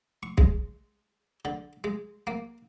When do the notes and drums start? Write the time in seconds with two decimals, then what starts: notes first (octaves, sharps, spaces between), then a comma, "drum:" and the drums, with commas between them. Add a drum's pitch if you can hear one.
0.23 C#6
0.38 G#3, drum: kick
1.45 D3
1.84 G#3
2.27 A#3